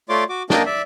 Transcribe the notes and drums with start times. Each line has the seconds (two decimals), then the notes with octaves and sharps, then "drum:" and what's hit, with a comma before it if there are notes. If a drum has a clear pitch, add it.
0.09 A3 F4 C#5 D5 C6 D6
0.29 F#4 D6
0.50 A#3 D4 A#4 D#5 G5 A5, drum: snare
0.66 D5 E5